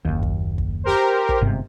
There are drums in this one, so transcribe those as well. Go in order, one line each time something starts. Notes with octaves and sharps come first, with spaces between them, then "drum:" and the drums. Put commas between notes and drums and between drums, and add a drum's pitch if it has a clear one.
F#1 D#2
drum: kick
drum: kick
G4 A#4 C5
drum: kick
G1 G#2 C3